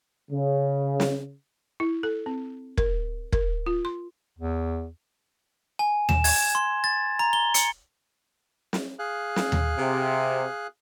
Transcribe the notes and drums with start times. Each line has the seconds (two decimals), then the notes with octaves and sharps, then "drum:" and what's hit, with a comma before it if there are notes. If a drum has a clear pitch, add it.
0.31 C#3
1.00 drum: snare
1.80 E4
2.03 A4
2.26 C4
2.78 A#4, drum: kick
3.32 A#4, drum: kick
3.67 F4
3.85 C6
4.39 E2
5.79 G#5
6.09 E7, drum: tom D#2
6.24 G#6, drum: open hi-hat
6.55 C6
6.84 A6
7.19 A#5
7.33 G7
7.54 C#7, drum: hi-hat
8.73 drum: snare
8.99 G#4 F5 F#6
9.36 drum: snare
9.52 drum: tom D#2
9.78 C3